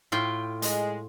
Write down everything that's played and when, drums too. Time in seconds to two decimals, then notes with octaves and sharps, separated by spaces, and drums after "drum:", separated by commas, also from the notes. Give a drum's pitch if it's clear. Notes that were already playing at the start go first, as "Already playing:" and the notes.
0.12 A2 F4 G5
0.62 G#3, drum: hi-hat